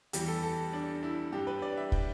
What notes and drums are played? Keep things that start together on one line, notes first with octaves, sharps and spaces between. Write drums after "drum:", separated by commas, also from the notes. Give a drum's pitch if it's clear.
E2 E3 G3 G4, drum: hi-hat
A4
A4
D4
E4
G2 G3 G4
B4
D5
E5
G5, drum: kick